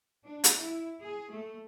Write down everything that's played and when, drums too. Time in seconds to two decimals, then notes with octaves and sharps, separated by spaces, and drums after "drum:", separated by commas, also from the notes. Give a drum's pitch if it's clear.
0.23 D4
0.44 drum: hi-hat
0.58 E4
1.01 G#4
1.32 A3